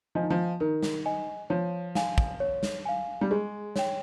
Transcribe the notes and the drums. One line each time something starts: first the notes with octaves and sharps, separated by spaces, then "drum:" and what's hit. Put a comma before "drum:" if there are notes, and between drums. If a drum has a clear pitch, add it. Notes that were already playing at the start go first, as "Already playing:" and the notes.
F3 D#5 G#5
D#3
F3
D#3 A#4
drum: snare
D#5 G#5
F3 C#5
F5 G#5, drum: snare
drum: kick
C#5
drum: snare
F5 G#5
G3
G#3 G#4
C#5 G5, drum: snare